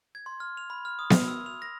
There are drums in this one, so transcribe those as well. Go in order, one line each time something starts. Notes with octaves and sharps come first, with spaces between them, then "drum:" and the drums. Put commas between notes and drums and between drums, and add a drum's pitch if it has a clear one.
G#6
C6
F6
F7
B5
F6
D#6
F7, drum: snare B3
E6
F7
A#6